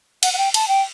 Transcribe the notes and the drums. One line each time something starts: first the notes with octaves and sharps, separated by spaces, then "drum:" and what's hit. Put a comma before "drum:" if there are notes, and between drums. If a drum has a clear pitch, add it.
F#5, drum: cymbal
F#5
G5
A5, drum: cymbal
G5